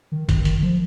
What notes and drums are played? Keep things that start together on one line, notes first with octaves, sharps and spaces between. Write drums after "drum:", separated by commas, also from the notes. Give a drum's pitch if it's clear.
D#3
D#3, drum: kick, hi-hat
D#3, drum: hi-hat
D#3
F3